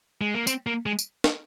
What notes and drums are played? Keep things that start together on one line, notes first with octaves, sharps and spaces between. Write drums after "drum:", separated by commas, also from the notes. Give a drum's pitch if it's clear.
G#3
A#3
C4, drum: tambourine
A#3
G#3
drum: tambourine
drum: snare